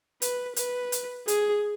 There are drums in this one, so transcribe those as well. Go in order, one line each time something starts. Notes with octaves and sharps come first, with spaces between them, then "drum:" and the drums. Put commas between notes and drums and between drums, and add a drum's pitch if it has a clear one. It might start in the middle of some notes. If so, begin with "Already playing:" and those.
B4, drum: hi-hat
B4, drum: hi-hat
drum: hi-hat
G#4, drum: hi-hat